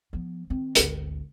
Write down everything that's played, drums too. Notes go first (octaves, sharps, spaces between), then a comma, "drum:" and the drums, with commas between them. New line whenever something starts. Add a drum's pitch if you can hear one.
F3 B3
D#3 C4
G#1 D2, drum: hi-hat